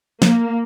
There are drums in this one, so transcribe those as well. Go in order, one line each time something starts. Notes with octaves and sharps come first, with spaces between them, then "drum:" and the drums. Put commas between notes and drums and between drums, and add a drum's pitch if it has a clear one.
A#3, drum: snare